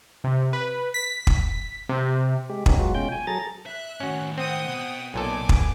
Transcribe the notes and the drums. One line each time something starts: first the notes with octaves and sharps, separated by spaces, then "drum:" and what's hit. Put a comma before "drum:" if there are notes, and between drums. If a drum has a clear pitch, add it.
C3
B4
B6
drum: kick
C3
G#3 G4
B3 C#4 D#4 G4, drum: kick
F#3 G#3 F4 F#4
B2 G#3 C#4 F4 G5 G6
G#5
F#3 G#4 A4 A#5 A6
E5 F#6
A2 D#3 C#4 F#4
C4 F#5 G5 D#6
B2
B1 A#2 A4 G#5 D6
drum: kick